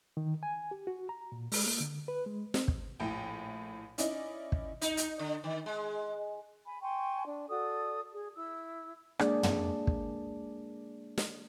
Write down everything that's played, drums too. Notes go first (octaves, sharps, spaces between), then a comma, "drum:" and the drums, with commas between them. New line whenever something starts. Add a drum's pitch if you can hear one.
D#3
G#5
G4
F#4
A#5
A#2
G#3, drum: open hi-hat
A#3
D3
B4
G#3
C4, drum: snare
drum: kick
A#1 A2 E4 G5
C#4 D#4 E4 D5 D#5, drum: hi-hat
drum: kick
D#4, drum: hi-hat
drum: hi-hat
D3
D#3
G#3
G#5 B5
G5 G#5 C6 C#6
D4
F#4 A4 D5 D#6
G#4
E4 E6
G#3 A#3 D4 G#4 D5, drum: rim click
drum: tom
drum: kick
drum: snare